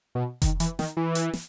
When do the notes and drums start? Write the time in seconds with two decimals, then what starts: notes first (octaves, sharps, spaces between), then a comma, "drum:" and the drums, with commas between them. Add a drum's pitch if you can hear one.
0.15 B2
0.42 D#3, drum: kick F1, hi-hat
0.60 E3, drum: hi-hat
0.79 D#3, drum: snare
0.97 E3
1.15 drum: hi-hat
1.33 drum: snare